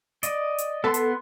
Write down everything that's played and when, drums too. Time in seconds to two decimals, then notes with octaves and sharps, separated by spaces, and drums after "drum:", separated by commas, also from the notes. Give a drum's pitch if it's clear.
0.23 D5 D#5, drum: hi-hat
0.58 drum: hi-hat
0.84 B3 A4 C6
0.94 drum: hi-hat